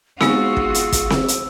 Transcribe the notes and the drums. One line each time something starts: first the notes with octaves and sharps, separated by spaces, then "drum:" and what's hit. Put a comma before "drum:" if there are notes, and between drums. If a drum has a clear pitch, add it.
G#3 B3 D#4 F4 F#4 G#4 E6, drum: snare C4
drum: kick
drum: hi-hat
drum: kick, hi-hat
drum: snare C4
drum: hi-hat